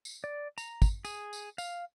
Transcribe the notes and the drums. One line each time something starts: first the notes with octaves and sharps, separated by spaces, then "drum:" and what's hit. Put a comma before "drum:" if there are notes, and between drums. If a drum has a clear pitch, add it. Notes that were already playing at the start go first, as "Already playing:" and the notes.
drum: tambourine
D5
A#5, drum: tambourine
drum: kick, tambourine
G#4, drum: tambourine
drum: tambourine
F5, drum: tambourine